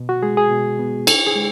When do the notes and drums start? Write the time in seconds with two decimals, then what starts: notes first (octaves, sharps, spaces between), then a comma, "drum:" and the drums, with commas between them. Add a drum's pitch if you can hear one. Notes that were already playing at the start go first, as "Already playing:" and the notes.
Already playing: B2
0.09 F#4
0.23 G#3 G#4
0.37 G#4
0.51 B2
0.79 B3
1.07 E4 A4, drum: cymbal
1.27 G#4
1.36 G#3